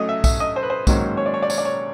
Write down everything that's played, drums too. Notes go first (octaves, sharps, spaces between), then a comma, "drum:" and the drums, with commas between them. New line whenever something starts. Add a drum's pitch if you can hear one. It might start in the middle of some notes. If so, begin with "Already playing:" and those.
Already playing: A2 F#3 A3 C#4 D#5
E5
E5, drum: kick B1, tambourine
D#5
C5
B4
C5
G#2 D#3 F#3 A#3 C#4, drum: kick B1, tambourine
C#5
D5
C#5
D5
C#5, drum: tambourine
D5
C#5